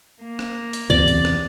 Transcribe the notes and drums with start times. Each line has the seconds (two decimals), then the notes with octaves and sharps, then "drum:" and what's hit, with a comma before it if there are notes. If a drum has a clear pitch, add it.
0.22 A#3
0.39 drum: rim click
0.73 drum: hi-hat
0.90 E2 C3 D5, drum: kick C#2
1.08 drum: hi-hat
1.25 drum: rim click